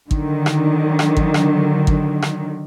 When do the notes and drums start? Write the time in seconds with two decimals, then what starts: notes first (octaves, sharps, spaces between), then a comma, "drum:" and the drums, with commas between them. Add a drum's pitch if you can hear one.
0.11 D3 D#3 F#3, drum: kick
0.46 drum: rim click
0.99 drum: rim click
1.17 drum: kick
1.34 drum: rim click
1.87 drum: kick
2.22 drum: rim click